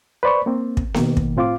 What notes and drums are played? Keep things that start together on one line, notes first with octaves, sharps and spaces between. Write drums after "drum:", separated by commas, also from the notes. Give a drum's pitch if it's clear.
B4 C5 D5 B5 C#6
A#3 C4
drum: kick
B2 D#3 A#3, drum: snare B3
drum: kick
A2 C4 F4 F5 D6